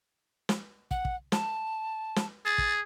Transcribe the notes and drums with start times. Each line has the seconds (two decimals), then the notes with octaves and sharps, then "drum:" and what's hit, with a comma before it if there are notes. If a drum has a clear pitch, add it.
0.49 drum: snare
0.91 F#5, drum: kick
1.05 drum: kick
1.32 A5, drum: snare
2.16 drum: snare
2.46 G#4 A6
2.58 drum: kick